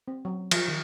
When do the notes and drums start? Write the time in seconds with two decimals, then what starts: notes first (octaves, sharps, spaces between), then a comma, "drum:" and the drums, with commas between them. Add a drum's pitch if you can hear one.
0.08 C4
0.25 F#3
0.51 F3, drum: cymbal
0.68 D#3